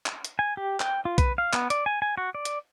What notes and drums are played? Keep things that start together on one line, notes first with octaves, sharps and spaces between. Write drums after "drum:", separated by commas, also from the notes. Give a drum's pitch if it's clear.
drum: clap
drum: hi-hat
G#5
G4
G5, drum: clap
F4
B4, drum: kick B1, hi-hat
F5
B3, drum: clap
D5, drum: hi-hat
G#5
G#5
F#4
D5
drum: hi-hat